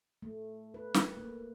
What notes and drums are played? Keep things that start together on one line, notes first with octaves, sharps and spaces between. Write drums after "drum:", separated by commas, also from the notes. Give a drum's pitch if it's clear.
A3
B4
drum: snare
A#3